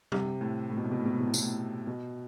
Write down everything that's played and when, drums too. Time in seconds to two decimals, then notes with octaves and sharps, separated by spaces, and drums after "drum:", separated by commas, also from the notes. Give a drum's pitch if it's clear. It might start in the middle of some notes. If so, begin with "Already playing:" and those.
0.12 C3, drum: tom G3
0.41 A2
0.70 A2
0.77 B2
0.84 A2
0.91 B2
0.98 A2
1.06 B2
1.13 A2
1.21 B2
1.27 A2
1.34 B2, drum: tambourine
1.41 A2
1.87 B2